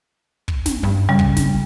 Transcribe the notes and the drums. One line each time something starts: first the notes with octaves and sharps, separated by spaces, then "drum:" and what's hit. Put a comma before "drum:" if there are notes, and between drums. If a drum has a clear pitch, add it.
drum: kick
drum: snare
G2
C#3 G3
drum: kick
drum: snare